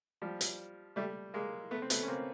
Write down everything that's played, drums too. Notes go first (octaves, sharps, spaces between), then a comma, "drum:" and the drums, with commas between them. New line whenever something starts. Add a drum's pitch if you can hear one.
F3 G3
drum: hi-hat
G3 A3
G#3 A#3
A3 B3
C4
A3 B3, drum: hi-hat
C#4
A#3 C4